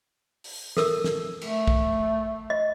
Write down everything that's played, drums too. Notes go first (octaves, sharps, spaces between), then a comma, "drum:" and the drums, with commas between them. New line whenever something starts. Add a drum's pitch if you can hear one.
drum: open hi-hat
A4 A#4 E6, drum: snare
drum: snare
A3, drum: cymbal
drum: kick
D#5